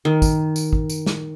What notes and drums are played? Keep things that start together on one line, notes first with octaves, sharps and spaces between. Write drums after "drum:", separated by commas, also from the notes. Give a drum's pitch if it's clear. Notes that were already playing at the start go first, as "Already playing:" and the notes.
D#3
drum: kick, tambourine
drum: tambourine
drum: kick
drum: tambourine
drum: snare